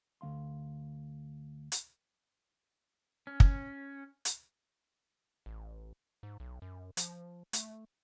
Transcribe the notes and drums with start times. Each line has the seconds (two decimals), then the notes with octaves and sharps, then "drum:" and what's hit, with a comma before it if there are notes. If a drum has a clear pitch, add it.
0.21 D2 G#3 F5 C6
1.72 drum: hi-hat
3.27 C#4
3.40 drum: kick
4.25 drum: hi-hat
5.46 A1
6.23 G#2
6.40 B1
6.62 F#2
6.97 F3, drum: hi-hat
7.53 A3, drum: hi-hat